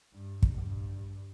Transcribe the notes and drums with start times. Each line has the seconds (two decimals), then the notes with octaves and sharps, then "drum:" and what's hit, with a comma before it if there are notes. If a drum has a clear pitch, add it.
0.13 G2
0.43 drum: kick
0.56 G2